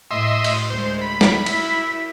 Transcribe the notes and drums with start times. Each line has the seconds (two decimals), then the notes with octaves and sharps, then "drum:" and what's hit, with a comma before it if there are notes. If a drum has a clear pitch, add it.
0.11 A2 D#5 E5 C6
0.44 drum: cymbal
0.70 D2 G#3 C5
1.01 B5
1.21 drum: snare
1.46 E4 E5, drum: cymbal